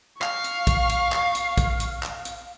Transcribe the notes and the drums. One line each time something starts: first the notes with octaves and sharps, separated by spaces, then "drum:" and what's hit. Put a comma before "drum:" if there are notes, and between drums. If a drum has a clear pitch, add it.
F5 C#6, drum: clap
drum: hi-hat
drum: kick, hi-hat
drum: hi-hat
drum: clap
drum: hi-hat
drum: kick, hi-hat
drum: hi-hat
drum: clap
drum: hi-hat